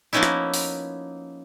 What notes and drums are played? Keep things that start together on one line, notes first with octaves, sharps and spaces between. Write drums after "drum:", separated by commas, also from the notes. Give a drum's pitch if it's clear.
F3 A#3 B3 C#4 D#4 E4
drum: rim click
drum: open hi-hat